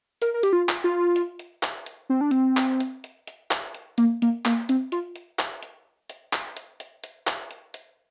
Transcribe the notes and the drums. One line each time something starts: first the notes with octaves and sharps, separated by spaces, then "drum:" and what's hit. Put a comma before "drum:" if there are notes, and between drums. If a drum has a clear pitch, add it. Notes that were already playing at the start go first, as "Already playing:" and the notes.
A#4, drum: hi-hat
A#4
G4, drum: hi-hat
F4
drum: clap
F4
drum: hi-hat
drum: hi-hat
drum: clap
drum: hi-hat
C4
D4
C4, drum: hi-hat
drum: clap
drum: hi-hat
drum: hi-hat
drum: hi-hat
drum: clap
drum: hi-hat
A#3, drum: hi-hat
A#3, drum: hi-hat
A#3, drum: clap
C4, drum: hi-hat
F4, drum: hi-hat
drum: hi-hat
drum: clap
drum: hi-hat
drum: hi-hat
drum: clap
drum: hi-hat
drum: hi-hat
drum: hi-hat
drum: clap
drum: hi-hat
drum: hi-hat